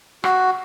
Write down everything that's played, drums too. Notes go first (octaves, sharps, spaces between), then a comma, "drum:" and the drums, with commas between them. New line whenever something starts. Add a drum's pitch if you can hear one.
F#4, drum: rim click